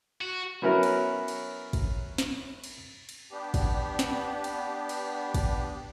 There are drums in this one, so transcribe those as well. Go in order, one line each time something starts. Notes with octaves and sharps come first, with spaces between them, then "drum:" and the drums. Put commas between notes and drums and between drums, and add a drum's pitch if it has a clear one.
F#4
F#3 B3 C#4 E4 A#4
drum: cymbal
drum: cymbal
drum: kick, cymbal
drum: snare
drum: cymbal
drum: cymbal
B3 D4 G4
drum: kick, cymbal
drum: snare
drum: cymbal
drum: cymbal
drum: kick, cymbal